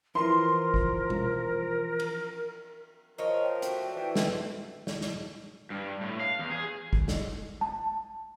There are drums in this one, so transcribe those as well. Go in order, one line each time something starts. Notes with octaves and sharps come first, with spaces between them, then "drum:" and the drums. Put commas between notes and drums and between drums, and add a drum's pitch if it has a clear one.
E3 F3 A#4 C6
drum: kick
drum: tom
drum: cymbal
F3 A#4 C#5 D#5
G5
A3 D4 F#4, drum: hi-hat
E3
drum: snare
drum: snare
drum: snare
G2
A2
F5
E2
G#4
drum: kick
drum: snare
A5